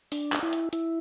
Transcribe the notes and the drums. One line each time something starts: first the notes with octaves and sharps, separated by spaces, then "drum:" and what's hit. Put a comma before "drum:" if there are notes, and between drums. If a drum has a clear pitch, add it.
D4, drum: open hi-hat
drum: clap
E4
drum: hi-hat
E4, drum: hi-hat